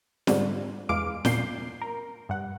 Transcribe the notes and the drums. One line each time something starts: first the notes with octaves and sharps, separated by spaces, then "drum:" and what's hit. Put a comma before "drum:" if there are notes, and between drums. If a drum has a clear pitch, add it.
G#2 D3 G3, drum: snare
E2 E3 G#3 F5 D6 D7
A#2 G6 C7, drum: snare
A#4
G2 F#5